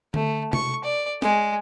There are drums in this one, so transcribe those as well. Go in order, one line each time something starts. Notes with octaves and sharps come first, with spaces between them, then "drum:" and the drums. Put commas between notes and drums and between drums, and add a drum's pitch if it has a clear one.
A3, drum: tom D3
C#6, drum: tom C3
D5
G#3, drum: snare